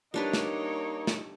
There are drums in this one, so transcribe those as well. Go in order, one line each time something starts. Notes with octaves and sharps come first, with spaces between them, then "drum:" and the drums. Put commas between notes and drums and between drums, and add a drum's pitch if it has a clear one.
G3 A#3 D4 D#4 B4 C#5
drum: snare
drum: snare